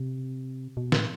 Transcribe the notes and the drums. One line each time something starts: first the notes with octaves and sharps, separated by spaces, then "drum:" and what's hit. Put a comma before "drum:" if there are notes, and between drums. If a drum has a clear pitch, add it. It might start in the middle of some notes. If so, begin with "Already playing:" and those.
Already playing: C3
B2
A2, drum: snare